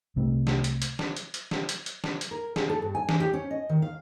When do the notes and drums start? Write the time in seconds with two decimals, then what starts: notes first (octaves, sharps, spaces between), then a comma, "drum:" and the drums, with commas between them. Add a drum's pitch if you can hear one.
0.16 C2 C3 A3
0.47 drum: snare
0.64 drum: hi-hat
0.82 drum: hi-hat
0.99 drum: snare
1.17 drum: hi-hat
1.34 drum: hi-hat
1.51 drum: snare
1.69 drum: hi-hat
1.86 drum: hi-hat
2.04 drum: snare
2.21 drum: hi-hat
2.31 A#4
2.56 G#4, drum: snare
2.69 A4
2.82 G2
2.95 G#5
3.09 E3, drum: snare
3.20 G4
3.33 C#4
3.51 D#5
3.69 D#3
3.82 F5